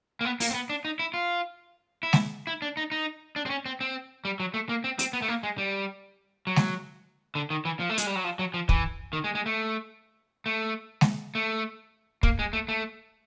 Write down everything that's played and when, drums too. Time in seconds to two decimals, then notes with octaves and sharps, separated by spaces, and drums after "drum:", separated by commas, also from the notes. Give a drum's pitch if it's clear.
0.21 A#3
0.25 B3
0.40 A#3, drum: open hi-hat
0.51 C4
0.54 B3
0.70 D4
0.85 D#4
0.99 E4
1.14 F4
2.03 E4
2.13 drum: snare G#3
2.47 E4
2.62 D4
2.77 D#4
2.92 D#4
3.36 D4
3.46 C4
3.50 C#4
3.66 C4
3.81 C4
4.25 G3
4.40 F#3
4.54 A3
4.69 A#3
4.84 C4
4.99 C4, drum: hi-hat
5.13 B3
5.22 A3
5.28 A#3
5.43 G#3
5.58 G3
6.47 F#3
6.56 drum: snare G#3
7.35 D3
7.50 D#3
7.65 E3
7.80 F3
7.89 A3
7.98 G#3, drum: hi-hat
8.07 G3
8.15 F#3
8.24 F3
8.39 F#3
8.54 F3
8.69 E3, drum: kick
9.13 D#3
9.24 G#3
9.35 G#3
9.46 A3
10.46 A3
11.01 drum: snare G#3
11.35 A3
12.23 A#3, drum: kick
12.39 G#3
12.53 A3
12.68 A3